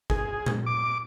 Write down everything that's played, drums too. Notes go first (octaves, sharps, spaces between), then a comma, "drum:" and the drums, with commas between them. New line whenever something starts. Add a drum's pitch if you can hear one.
G#4, drum: kick G1
drum: tom A#2
D6